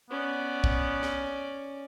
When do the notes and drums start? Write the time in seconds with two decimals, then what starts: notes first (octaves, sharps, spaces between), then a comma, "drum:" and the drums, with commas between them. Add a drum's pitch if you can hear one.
0.10 B3 C#4 D5
0.64 drum: kick
1.03 drum: snare